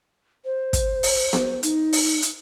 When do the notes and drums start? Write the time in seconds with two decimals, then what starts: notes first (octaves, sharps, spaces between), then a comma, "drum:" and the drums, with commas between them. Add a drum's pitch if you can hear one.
0.45 C5
0.73 drum: kick, hi-hat
1.03 drum: open hi-hat
1.33 drum: snare B3
1.63 D#4, drum: hi-hat
1.93 drum: open hi-hat
2.22 drum: hi-hat